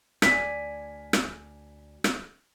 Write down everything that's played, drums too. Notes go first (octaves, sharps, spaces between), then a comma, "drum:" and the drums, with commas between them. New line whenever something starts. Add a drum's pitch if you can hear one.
D2 D5 G#5 B6, drum: rim click
drum: rim click
drum: rim click